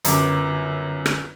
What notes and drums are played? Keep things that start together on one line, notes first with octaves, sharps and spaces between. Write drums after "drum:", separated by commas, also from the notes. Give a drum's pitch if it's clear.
G1 F#2 D3 D6, drum: hi-hat
drum: rim click